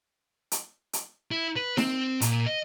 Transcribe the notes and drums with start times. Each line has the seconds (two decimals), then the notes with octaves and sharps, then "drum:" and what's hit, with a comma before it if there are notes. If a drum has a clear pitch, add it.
0.52 drum: hi-hat
0.93 drum: hi-hat
1.31 E4
1.56 B4
1.77 C4, drum: snare D#4
2.21 A#2, drum: hi-hat
2.46 D#5